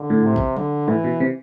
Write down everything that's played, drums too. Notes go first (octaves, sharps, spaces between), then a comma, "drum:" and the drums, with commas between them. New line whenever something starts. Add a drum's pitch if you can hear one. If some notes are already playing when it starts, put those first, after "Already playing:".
Already playing: D3
A2
C3
drum: kick
D3, drum: tom F3
A2 E3, drum: tom G#2
B2
C3